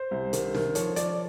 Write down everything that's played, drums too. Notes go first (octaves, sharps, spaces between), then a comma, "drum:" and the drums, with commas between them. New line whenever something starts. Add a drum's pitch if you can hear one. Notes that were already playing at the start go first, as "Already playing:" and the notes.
Already playing: C5
C2
D#3, drum: hi-hat
D#3, drum: snare
F3 C#5, drum: hi-hat
F3 D5, drum: hi-hat